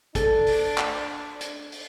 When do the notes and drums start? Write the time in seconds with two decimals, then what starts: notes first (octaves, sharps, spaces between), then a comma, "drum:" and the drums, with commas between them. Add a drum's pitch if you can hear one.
0.15 D4 A4, drum: kick, hi-hat
0.47 drum: open hi-hat
0.78 drum: clap
1.41 drum: hi-hat
1.72 drum: open hi-hat